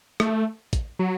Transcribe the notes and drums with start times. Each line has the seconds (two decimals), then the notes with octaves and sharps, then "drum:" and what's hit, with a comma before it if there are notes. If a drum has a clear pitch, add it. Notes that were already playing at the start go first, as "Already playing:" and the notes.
0.20 A3, drum: rim click
0.73 drum: kick, hi-hat
0.99 F#3